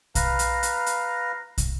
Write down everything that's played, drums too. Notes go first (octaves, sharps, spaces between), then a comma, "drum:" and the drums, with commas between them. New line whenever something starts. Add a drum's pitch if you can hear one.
B4 F5 A#5, drum: kick, hi-hat
drum: hi-hat
drum: hi-hat
drum: hi-hat
drum: kick, hi-hat